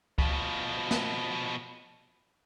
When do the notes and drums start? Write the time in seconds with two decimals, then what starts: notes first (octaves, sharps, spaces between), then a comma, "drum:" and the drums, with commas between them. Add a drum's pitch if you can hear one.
0.18 B2 F3, drum: kick
0.91 drum: snare